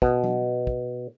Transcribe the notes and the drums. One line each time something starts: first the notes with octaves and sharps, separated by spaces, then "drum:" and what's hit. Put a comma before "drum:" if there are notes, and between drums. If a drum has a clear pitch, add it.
B2, drum: kick
drum: tom F#3
drum: kick